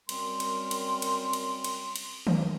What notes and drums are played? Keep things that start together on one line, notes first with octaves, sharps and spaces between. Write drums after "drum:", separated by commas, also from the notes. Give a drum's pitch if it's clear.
F#2 G3 C4 A#4 C6, drum: cymbal
drum: cymbal
drum: cymbal
drum: cymbal
drum: cymbal
drum: cymbal
drum: cymbal
drum: tom D#3